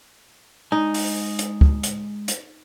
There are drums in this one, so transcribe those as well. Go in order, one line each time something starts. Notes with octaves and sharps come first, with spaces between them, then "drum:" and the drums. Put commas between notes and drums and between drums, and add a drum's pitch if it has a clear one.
G#3 D#4 G#5
drum: open hi-hat
drum: hi-hat
drum: kick
drum: hi-hat
drum: hi-hat